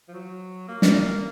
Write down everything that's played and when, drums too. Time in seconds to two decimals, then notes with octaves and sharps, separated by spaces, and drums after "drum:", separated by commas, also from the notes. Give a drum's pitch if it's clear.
0.08 F3
0.14 F#3
0.68 A#3
0.82 drum: snare